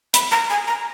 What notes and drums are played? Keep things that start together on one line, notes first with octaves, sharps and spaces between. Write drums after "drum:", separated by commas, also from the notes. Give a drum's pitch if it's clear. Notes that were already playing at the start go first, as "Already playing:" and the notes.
B5, drum: hi-hat
A#5
G#5
A#5